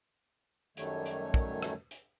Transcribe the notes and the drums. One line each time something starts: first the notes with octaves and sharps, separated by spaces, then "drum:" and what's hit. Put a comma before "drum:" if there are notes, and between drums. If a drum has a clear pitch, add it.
F#2 D#3 F#3 G3 A3 C#5, drum: hi-hat
drum: hi-hat
drum: kick
drum: rim click
drum: hi-hat